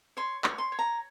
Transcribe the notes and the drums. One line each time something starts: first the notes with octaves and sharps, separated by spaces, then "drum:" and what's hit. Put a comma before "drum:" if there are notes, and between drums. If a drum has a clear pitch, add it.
C#5 C6
C#5, drum: clap
C6
C#5
A#5